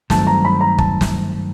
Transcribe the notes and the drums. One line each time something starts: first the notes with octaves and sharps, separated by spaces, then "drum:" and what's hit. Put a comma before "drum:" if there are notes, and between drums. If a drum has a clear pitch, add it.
G2 D#3 F#3 A3 C4 A5, drum: snare
A#5
B5
A#5
A5, drum: kick
drum: snare